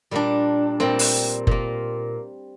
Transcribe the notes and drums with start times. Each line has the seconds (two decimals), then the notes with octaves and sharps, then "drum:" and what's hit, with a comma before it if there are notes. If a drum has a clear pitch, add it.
0.11 A#2 G3 A#3 D4
0.80 A#2 G3 A#3 C4
0.99 drum: open hi-hat
1.47 A#2 A#3, drum: kick F#1